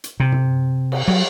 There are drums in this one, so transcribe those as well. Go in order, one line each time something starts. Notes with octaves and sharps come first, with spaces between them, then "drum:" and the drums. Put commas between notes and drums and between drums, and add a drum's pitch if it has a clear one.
drum: hi-hat
C3
drum: tom
drum: cymbal
F#3, drum: cymbal